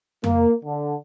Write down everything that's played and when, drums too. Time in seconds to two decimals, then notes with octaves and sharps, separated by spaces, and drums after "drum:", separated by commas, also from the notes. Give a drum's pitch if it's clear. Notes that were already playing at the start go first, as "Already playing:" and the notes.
0.24 A#3, drum: tom F2
0.64 D3